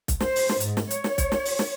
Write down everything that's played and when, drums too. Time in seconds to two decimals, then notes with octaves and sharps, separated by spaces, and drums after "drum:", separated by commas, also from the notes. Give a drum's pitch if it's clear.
0.08 drum: kick B1, hi-hat
0.20 C5, drum: snare
0.36 drum: open hi-hat
0.49 drum: snare
0.60 G#2, drum: hi-hat
0.77 drum: snare
0.90 C#5, drum: hi-hat
1.04 drum: snare
1.18 drum: kick B1, hi-hat
1.32 drum: snare
1.45 drum: open hi-hat
1.59 drum: snare